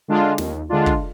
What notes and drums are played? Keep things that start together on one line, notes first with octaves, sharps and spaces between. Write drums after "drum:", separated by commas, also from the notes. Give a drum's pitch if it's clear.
D3 G#3 D4 F4
D#2, drum: snare
D3 G#3 D4 F4
drum: kick